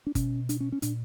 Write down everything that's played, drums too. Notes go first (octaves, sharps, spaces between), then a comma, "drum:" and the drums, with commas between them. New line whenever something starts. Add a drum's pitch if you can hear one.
D4
B2 C#4, drum: kick G1, hi-hat
D4, drum: hi-hat
C#4
C#4
A#2 D4, drum: hi-hat